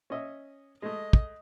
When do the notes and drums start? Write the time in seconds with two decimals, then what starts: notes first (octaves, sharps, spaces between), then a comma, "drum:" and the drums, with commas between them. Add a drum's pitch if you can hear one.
0.10 C#4 D#5 E5
0.82 G#3 A3 D#5
1.13 drum: kick